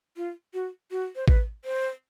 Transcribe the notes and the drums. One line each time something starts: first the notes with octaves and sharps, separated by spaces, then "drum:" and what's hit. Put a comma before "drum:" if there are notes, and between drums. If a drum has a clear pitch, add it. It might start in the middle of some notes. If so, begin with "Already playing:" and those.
F4
F#4
F#4
C5
B4, drum: kick A1
C5